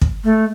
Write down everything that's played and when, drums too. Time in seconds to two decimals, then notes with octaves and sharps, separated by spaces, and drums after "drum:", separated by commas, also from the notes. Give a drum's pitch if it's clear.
0.01 drum: kick
0.24 A3